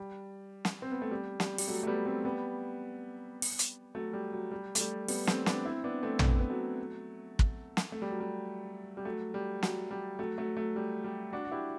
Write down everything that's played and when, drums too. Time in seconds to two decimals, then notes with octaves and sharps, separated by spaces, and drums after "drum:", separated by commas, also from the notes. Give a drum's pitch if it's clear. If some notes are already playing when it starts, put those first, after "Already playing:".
Already playing: G3
0.65 drum: snare
0.82 C4
0.92 B3
1.02 A3
1.11 G3
1.40 G3, drum: snare
1.58 G3, drum: open hi-hat
1.68 F#3 A3
1.83 A3
1.87 G3 B3
2.06 A3 C4
2.25 G3 B3
3.42 drum: open hi-hat
3.59 drum: hi-hat
3.95 F#3 A3
4.13 G3
4.33 F#3
4.52 G3
4.75 A3, drum: hi-hat
4.80 G3
5.08 G3 B3, drum: open hi-hat
5.27 A3 C4, drum: snare
5.46 B3 D4, drum: snare
5.65 C4 E4
5.84 B3 D4
6.03 A3 C4
6.19 drum: tom
6.39 B3
6.50 F#3 A3
7.39 drum: kick
7.77 drum: snare
7.92 A3
8.02 G3
8.11 F#3
8.20 G3
8.97 G3
9.05 F#3 A3
9.34 G3
9.63 F#3, drum: snare
9.91 G3
10.19 F#3 A3
10.38 F#3 A3
10.57 F#3 A3
10.76 G3
11.04 G3
11.33 D4 F#4
11.45 F#4
11.51 E4 G4